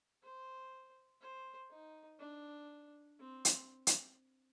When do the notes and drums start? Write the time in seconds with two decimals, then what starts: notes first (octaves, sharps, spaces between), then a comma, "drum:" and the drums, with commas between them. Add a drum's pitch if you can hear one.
0.23 C5
1.21 C5
1.70 D#4
2.20 D4
3.19 C4
3.45 drum: hi-hat
3.87 drum: hi-hat